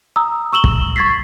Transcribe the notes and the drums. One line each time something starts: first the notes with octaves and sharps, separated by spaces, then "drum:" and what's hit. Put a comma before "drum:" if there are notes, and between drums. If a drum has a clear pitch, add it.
A#5 D#6 E6
C#6 E6 E7 F#7 G7
drum: kick
C#6 G#6 A6 B6 C7